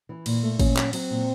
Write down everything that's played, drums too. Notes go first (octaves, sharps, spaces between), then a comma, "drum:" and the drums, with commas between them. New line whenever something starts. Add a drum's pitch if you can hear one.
E3
A#2, drum: cymbal
A3
A#2 C#4, drum: kick G#1, cymbal
F#3, drum: clap
F#3 C4, drum: cymbal
A#2